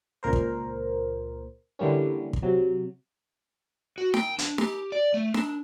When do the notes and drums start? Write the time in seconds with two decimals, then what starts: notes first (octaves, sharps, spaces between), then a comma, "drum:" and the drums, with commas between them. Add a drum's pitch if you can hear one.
0.23 C#2 A#2 A#4 C5
0.33 drum: kick
1.79 D3 E3 G3 A#3 C#4
2.33 drum: kick
2.42 C3 F#3
3.98 F#4
4.14 G5, drum: snare D#4
4.39 D4, drum: hi-hat
4.58 G4, drum: snare D#4
4.92 D5
5.14 A3
5.34 D4, drum: snare D#4